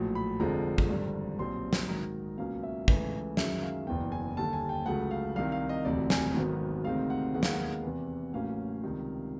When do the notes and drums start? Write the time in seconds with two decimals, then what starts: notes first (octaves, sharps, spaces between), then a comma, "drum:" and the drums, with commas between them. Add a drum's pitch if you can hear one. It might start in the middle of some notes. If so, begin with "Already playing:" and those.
Already playing: A#1 A2 F#3
0.15 B5
0.39 F1 F2 D3 F3 G#3 A#5
0.78 drum: kick
0.90 G#1 G2 D3 G3
1.39 B1 A#2 G3 C4 C6
1.73 drum: snare
1.88 G#2 D#3 F#3 A#5
2.38 C#2 B2 F#3 A#3 C#4 F5
2.63 E5
2.88 C#2 C#3 E3 A3, drum: kick
3.37 F#2 D#3 G#3 C#4 E5, drum: snare
3.62 F5
3.87 F#1 E2 B2 G5
4.12 G#5
4.37 D#2 D3 G3 A5
4.53 G#5
4.69 G5
4.86 C#2 C#3 F#3 A3 F#5
5.11 F5
5.36 C2 C3 D#3 F5
5.52 F5
5.69 D#5
5.85 E1 D2 C3 D5
6.10 G#5, drum: snare
6.35 G#1 G#2 D#3 F#3 B3
6.84 D2 C3 D#3 G#3 C4 F5
7.10 F#5
7.34 D#2 D#3 G#3 B3 F#5
7.43 F5, drum: snare
7.52 F#5
7.83 E2 C3 E3
8.33 A1 A2 F#3 A#3 C#4 F5
8.83 C#2 C3 D#3 G3